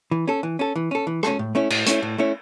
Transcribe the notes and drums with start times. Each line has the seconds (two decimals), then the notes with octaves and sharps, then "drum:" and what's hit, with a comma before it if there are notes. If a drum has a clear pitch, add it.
0.11 E3
0.28 C#4 A4
0.43 E3
0.59 C#4 A4
0.76 E3
0.91 C#4 A4
1.07 E3
1.23 C#4 A4, drum: rim click
1.39 A2
1.55 A3 C#4 E4 C#5
1.70 A2, drum: cymbal
1.86 A3 C#4 E4 C#5, drum: hi-hat
2.03 A2
2.18 A3 C#4 E4 C#5